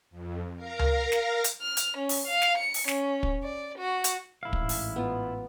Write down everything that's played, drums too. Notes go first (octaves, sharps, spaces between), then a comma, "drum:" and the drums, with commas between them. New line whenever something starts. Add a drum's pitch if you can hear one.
F2
A#4 F5 A#5
drum: tom C#2
drum: snare
drum: hi-hat
F6
drum: hi-hat
C#4
drum: open hi-hat
F5
drum: snare
C#7
drum: open hi-hat
C#4, drum: snare
drum: kick
D5
F#4
drum: hi-hat
A1 G#2 E4 F5
drum: kick
drum: open hi-hat
B3 F4